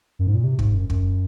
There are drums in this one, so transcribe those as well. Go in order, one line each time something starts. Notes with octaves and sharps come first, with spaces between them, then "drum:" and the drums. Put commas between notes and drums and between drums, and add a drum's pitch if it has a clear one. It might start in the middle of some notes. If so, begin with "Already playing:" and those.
F#2
G#2
A#2
C3
G#2, drum: kick
F#2
F#2, drum: kick